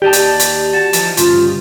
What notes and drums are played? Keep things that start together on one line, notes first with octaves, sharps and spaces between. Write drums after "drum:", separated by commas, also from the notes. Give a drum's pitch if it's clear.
D#2 D#4 G4 D5 A5
drum: hi-hat
drum: hi-hat
F#4 A5
E3 F3 D#4, drum: hi-hat
D2 G2 C#3 F4, drum: hi-hat